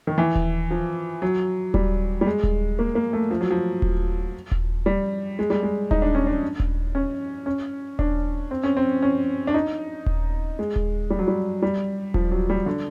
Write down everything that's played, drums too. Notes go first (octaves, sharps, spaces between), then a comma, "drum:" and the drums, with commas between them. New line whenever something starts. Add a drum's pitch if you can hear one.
D#3
E3
drum: kick D#1
F3
F#3
G3, drum: kick D#1
G3
G#3
drum: kick D#1
A#3
A#3
A3
F3
F#3
F3
drum: kick D#1
drum: kick D#1
G3
G#3
G3
G#3
D#4, drum: kick D#1
D4
C#4
D4
drum: kick D#1
C#4
C#4
D4, drum: kick D#1
C4
C#4
C4
C#4
D4
D#4
drum: kick D#1
G#3
drum: kick D#1
G3
F#3
G3
G3
F3, drum: kick D#1
F#3
G3
D3